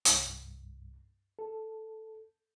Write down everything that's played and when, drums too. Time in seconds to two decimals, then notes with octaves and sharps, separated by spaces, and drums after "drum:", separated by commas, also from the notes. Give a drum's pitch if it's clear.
0.05 C2 G2, drum: hi-hat
1.39 A4